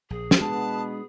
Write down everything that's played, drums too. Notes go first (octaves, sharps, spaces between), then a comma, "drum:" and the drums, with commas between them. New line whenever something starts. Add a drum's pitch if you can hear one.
A#1 G#4
drum: snare
B2 G#3 B3 D4 A5